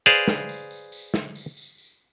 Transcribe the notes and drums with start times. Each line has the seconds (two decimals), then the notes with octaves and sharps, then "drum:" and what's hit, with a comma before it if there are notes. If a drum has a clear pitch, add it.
0.06 G#4 B4 C5 D5 F5, drum: tambourine
0.28 drum: snare
0.49 drum: tambourine
0.71 drum: tambourine
0.92 drum: tambourine
1.14 drum: snare
1.35 drum: tambourine
1.57 drum: tambourine
1.78 drum: tambourine